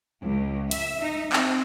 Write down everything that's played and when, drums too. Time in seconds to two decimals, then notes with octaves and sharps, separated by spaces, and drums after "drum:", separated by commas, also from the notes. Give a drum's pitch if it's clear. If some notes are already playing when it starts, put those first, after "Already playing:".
0.22 C#2
0.71 E5, drum: hi-hat
1.02 D#4
1.33 C4, drum: clap